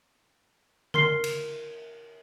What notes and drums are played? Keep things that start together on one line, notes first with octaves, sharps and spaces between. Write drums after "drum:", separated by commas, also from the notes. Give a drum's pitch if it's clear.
A#4 C6 C7, drum: tom C#3
drum: cymbal